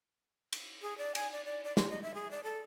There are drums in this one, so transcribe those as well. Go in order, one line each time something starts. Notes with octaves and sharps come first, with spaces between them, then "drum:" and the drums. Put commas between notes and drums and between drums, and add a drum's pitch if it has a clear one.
drum: cymbal
G#4
D5
G#5, drum: cymbal
D5
D5
D5
C6, drum: snare
D#5
E5
G#4
D5
A4